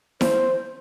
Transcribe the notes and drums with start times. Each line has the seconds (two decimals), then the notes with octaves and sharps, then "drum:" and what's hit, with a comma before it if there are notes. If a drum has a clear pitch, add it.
0.21 C5, drum: snare E4